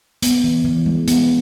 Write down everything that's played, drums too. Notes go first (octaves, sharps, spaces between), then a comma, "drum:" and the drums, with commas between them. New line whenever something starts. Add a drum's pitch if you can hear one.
B3, drum: hi-hat
E3
E3
G#3
B3, drum: hi-hat